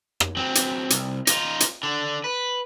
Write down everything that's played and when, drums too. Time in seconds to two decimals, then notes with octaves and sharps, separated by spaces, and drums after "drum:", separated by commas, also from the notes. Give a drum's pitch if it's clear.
0.20 drum: rim click
0.37 F#3 C4
0.55 drum: hi-hat
0.90 C2, drum: hi-hat
1.27 D#4 F4, drum: hi-hat
1.60 drum: hi-hat
1.83 D3 D4
2.24 B4